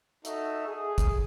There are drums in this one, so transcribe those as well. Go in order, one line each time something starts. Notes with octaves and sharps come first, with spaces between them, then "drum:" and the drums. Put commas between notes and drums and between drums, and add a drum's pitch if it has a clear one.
D#4 F#4 A4 E5, drum: hi-hat
G#4
drum: kick, hi-hat